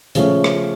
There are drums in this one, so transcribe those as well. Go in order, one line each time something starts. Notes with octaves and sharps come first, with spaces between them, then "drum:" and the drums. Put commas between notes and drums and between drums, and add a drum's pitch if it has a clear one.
C#3 F3 A3 C#4, drum: hi-hat
drum: rim click